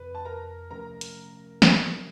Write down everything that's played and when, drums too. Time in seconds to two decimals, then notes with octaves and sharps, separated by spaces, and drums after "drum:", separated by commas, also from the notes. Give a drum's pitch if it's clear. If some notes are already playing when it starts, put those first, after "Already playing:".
Already playing: F2 C3 F3 B4
0.15 A5
0.25 A#4 A#5
0.71 C3 F3 A3 C#4 A#4 A#5
1.01 drum: hi-hat
1.62 drum: snare